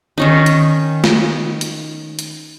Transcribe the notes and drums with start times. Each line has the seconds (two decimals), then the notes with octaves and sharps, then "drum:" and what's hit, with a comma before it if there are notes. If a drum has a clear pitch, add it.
0.18 D#3 C#4 D#4
0.46 drum: hi-hat
1.04 drum: snare
1.61 drum: hi-hat
2.19 drum: hi-hat